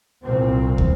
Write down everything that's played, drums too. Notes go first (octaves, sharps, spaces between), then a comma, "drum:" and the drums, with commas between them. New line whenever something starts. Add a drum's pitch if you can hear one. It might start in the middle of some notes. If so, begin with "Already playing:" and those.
C2 A#2 C4
drum: kick